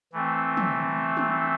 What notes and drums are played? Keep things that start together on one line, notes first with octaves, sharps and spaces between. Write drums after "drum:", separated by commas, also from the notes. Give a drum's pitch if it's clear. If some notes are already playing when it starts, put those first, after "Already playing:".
E3 A3 C4
drum: tom
drum: tom